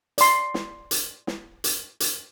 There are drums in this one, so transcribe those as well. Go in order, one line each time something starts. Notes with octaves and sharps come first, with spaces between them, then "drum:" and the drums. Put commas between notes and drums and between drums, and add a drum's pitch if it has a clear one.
D5 C6, drum: hi-hat
drum: snare
drum: hi-hat
drum: snare
drum: hi-hat
drum: hi-hat